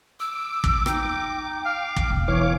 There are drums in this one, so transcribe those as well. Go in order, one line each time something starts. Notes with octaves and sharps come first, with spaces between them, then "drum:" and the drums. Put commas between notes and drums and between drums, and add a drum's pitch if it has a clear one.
D6 E6
drum: kick
D#4 G5, drum: rim click
F5
drum: kick
E1
E3 C#5 F5 D6